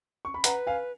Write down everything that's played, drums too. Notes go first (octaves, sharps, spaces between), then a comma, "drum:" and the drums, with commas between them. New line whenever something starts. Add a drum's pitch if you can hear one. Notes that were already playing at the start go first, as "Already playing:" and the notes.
C#6
B5
B4 F#5 A#5, drum: hi-hat
F5 G#5